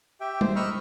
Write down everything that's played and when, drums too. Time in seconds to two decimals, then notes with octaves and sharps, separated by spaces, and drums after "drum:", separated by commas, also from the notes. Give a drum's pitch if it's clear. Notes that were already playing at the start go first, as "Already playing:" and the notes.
0.21 G4 E5 G5
0.41 C5, drum: tom G3
0.56 D#5 A#5 B5 C#6 E6 F6